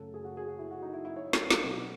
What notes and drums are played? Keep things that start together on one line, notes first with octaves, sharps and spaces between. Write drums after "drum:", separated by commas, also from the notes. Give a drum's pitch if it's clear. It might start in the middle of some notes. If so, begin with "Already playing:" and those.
Already playing: F#2 C#3 F#3 A3 A4
G#4
F#4
G#4
F#4
E4
F#4
D#4
E4
E4
C#5
drum: snare
drum: snare
B2 F#3 B3